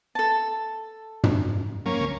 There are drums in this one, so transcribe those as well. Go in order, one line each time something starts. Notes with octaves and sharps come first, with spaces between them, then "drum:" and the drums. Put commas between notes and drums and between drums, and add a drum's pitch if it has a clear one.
A4 A5
G#2, drum: tom
F#3 A#3 C#4
D2